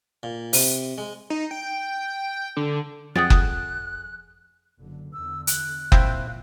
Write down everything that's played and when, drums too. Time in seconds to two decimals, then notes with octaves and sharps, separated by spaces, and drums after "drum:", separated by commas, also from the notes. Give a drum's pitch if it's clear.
0.23 A#2
0.53 C3, drum: open hi-hat
0.98 G#3
1.30 D#4
1.51 G5
2.57 D3
3.16 F2 G#4 F#5 G5 D#6 F#6 A6
3.30 drum: kick F#1
4.78 F#1 D3
5.13 E2 D3 E6
5.47 F#6, drum: hi-hat
5.92 A#2 F3 C4 E4 F5 G5, drum: kick F#1